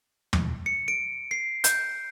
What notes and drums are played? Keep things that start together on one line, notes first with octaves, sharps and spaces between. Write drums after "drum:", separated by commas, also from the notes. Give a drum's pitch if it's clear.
drum: tom
C#7
D7
C7
G6, drum: hi-hat